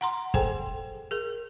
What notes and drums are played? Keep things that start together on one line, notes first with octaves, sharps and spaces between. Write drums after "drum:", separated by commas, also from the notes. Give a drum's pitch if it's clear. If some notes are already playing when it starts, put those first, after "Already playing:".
F#5 A#5 C6
G#4 A4 C5 G5 G#5, drum: kick
G#4 A#4